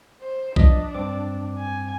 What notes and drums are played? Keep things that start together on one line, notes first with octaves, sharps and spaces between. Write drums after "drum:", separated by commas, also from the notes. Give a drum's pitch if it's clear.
C5
F3 D4 D#5 B6, drum: kick B1
G2 C4 D6
G#5